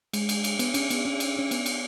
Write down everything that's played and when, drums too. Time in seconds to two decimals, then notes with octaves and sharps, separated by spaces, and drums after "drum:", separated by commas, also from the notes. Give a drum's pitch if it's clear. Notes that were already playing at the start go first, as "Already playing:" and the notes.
0.13 G#3, drum: cymbal
0.29 drum: cymbal
0.44 drum: cymbal
0.59 B3, drum: cymbal
0.74 C#4, drum: cymbal
0.90 B3, drum: cymbal
1.05 C#4
1.20 drum: cymbal
1.39 C#4
1.51 B3, drum: cymbal
1.66 drum: cymbal